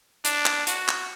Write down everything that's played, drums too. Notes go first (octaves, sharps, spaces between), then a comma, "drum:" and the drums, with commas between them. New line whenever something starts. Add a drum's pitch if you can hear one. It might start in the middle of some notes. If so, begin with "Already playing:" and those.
D4, drum: hi-hat
drum: clap
F#4, drum: hi-hat
drum: clap